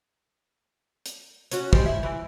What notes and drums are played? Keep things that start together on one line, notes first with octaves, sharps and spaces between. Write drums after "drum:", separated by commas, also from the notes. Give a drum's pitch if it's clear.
drum: hi-hat
C#4 F#4, drum: hi-hat
G3 G#3 C5, drum: kick
E4
E3